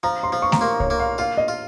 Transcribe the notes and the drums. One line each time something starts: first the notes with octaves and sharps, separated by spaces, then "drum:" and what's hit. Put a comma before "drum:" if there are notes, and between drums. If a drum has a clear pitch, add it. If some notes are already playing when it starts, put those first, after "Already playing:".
F3 A#5
C6
F3
C#6
A#5, drum: snare A3
A#3 C6
C#5, drum: kick C2
A#3
F5
F4 F5
D#5
F4